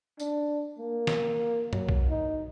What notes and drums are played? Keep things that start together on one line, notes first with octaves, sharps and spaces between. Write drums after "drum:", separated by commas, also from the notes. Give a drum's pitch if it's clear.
D4, drum: tambourine
A#3
drum: snare
F#3, drum: tom G2
drum: kick B1
D#4